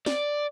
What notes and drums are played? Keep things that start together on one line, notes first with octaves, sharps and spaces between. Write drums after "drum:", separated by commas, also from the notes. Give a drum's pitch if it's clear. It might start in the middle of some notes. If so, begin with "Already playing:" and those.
D5, drum: snare